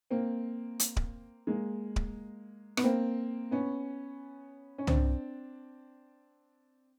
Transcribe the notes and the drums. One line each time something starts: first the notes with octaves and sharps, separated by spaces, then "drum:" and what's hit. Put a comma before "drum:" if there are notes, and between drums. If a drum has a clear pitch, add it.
A#3 C4
drum: hi-hat
drum: kick D1
G#3 A#3
drum: kick D1
B3, drum: rim click
A#3 C4
B3 C#4
C#4
C4 D4, drum: tom